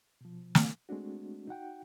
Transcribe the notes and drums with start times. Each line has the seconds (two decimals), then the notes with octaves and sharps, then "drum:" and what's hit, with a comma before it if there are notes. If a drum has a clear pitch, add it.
0.21 B2 F3
0.55 drum: snare
0.89 G#3 A3 C4 D4 F#4
1.47 D#4 F#4 F#5 G5